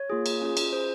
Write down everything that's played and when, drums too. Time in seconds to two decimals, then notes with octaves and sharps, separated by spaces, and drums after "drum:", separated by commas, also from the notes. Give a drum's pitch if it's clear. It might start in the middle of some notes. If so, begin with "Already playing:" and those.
Already playing: C#5
0.10 A#3 F4 G#4
0.26 drum: cymbal
0.41 C#4 F4 G#4
0.57 drum: cymbal
0.72 C#4 F4 G#4 C5